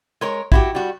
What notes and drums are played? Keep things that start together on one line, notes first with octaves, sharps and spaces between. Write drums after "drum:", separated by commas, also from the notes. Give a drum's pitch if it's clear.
G#3 A#4 C#5
E4 F#4 G4, drum: kick
G3 F#4